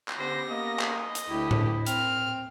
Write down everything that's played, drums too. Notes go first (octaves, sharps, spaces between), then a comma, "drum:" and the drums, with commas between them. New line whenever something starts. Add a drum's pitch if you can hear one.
drum: clap
D3 B3 C#4 G4 C5 A#6
A#3 D#5
drum: clap
drum: hi-hat
D2 E4 G4
drum: tom A2
C4 F6, drum: hi-hat